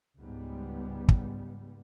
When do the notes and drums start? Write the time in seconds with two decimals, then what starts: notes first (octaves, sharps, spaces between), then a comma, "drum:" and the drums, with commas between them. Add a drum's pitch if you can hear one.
0.19 C#2 G#2 G3 B3
1.08 drum: kick